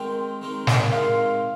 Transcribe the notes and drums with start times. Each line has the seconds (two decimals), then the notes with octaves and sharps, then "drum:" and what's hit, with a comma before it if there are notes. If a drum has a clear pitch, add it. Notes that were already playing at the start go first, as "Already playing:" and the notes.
Already playing: D#3 G#3 C4 D#4 A#4 G5
0.42 D#3 G#3 C4 D#4 A#4
0.67 drum: snare
0.92 D#3 G#3 C4 D#4 A#4 F5